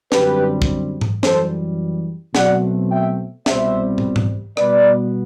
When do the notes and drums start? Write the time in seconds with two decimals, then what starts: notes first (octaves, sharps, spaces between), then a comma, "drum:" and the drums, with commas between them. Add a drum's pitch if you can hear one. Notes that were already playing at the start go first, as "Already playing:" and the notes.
0.12 F#2 D3 G3 C4 G4 B4, drum: snare
0.62 drum: kick
1.01 drum: tom G#2
1.23 F#2 E3 G3 A4 C5, drum: snare
2.35 B2 F#3 A3 C4 D5 F#5, drum: snare
2.90 E5 G5
3.46 C2 B2 G3 C4 C5 E5, drum: snare
3.98 drum: tom
4.16 drum: tom G#2
4.57 B2 G3 B3 B4 D5, drum: rim click